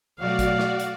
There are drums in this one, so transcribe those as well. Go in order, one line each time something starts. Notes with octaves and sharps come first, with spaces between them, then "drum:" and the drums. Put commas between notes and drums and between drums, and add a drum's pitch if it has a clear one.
B2 F#3 A3 F#4 D5 F5
drum: kick G#1, hi-hat
drum: snare
drum: hi-hat